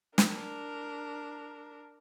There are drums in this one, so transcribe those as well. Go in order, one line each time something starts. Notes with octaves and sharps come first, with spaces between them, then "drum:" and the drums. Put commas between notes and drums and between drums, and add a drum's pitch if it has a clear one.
D4 A#4, drum: snare